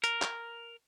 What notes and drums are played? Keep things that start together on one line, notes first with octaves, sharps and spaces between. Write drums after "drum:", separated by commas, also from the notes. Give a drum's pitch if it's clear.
A#4, drum: hi-hat
drum: clap